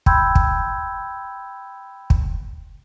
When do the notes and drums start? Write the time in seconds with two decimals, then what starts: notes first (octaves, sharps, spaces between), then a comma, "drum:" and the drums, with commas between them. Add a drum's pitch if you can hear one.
0.06 G5 B5 C6 E6 G6 G#6, drum: kick
0.35 drum: kick
2.10 drum: kick